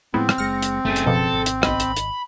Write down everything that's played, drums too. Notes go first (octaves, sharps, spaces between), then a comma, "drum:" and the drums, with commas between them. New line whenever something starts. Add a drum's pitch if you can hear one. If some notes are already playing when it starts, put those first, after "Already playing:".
A2 F3 G#3 B3 C4 E4
drum: rim click
F#1 G#3 F6 A#6 C#7
drum: hi-hat
F#1 C#3 A3 G#4
drum: hi-hat
B2 F3 A4
G#1
drum: hi-hat
B1 D#5 B5, drum: rim click
drum: hi-hat
drum: hi-hat